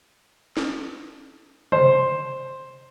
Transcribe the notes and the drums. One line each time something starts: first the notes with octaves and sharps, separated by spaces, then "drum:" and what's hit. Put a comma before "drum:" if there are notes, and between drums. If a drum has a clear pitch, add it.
drum: snare
C5, drum: tom C3